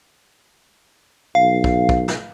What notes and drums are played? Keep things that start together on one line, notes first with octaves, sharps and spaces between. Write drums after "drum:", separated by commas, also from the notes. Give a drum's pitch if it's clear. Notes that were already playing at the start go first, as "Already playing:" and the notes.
B1 F5
drum: kick
drum: kick
drum: snare